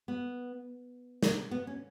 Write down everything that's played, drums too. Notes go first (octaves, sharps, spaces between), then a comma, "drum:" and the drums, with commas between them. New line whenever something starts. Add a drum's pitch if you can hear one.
B3
drum: snare
B3
C#4